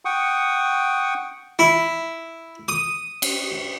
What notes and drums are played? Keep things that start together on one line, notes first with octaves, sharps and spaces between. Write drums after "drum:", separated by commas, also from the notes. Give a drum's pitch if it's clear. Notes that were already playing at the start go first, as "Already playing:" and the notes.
F#5 G5 C#6 D#6
E4
D#6
drum: cymbal